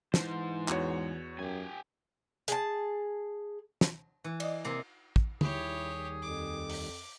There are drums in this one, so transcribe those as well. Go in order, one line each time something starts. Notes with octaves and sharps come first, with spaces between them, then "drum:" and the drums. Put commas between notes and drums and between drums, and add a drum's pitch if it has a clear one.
G#2 E3 C5, drum: snare
E2 F#4 C#5, drum: clap
F#2 G4 G#5
G#4 A5, drum: hi-hat
drum: snare
E3
D5 D#5, drum: cymbal
C3 A#3
drum: kick
D#2 D#3 G3 E4 G4 G#4 C#5, drum: tom D3
F2 D6
drum: open hi-hat